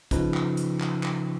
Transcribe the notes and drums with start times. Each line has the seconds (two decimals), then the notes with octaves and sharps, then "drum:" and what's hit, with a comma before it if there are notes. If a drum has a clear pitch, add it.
0.11 C#3 F3 D#4 B4, drum: kick, hi-hat
0.34 drum: clap
0.57 drum: hi-hat
0.80 drum: clap
1.03 drum: clap